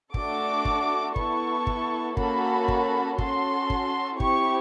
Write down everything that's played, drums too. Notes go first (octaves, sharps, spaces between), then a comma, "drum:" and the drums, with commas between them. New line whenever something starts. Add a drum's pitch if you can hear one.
A3 D4 F#4 A4 D6, drum: kick
drum: kick
B3 E4 A4 C#6, drum: kick
drum: kick
A#3 C#4 F#4 A4 B5, drum: kick
drum: kick
C#4 F#4 A4 C6, drum: kick
drum: kick
C4 E4 G4 C#6, drum: kick